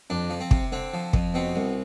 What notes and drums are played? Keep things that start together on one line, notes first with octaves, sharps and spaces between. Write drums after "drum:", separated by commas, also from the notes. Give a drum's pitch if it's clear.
F2 D4
F3
C4
C3, drum: kick
D3 C4
F3
F2, drum: kick
B2 C4
C2